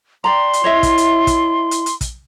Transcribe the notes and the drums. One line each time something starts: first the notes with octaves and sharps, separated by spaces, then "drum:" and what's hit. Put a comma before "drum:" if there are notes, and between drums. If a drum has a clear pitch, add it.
G4 D5 A#5 C6
drum: hi-hat
E4 C#5 D#5 E5
drum: kick, hi-hat
drum: hi-hat
drum: kick, hi-hat
drum: hi-hat
drum: hi-hat
drum: kick, hi-hat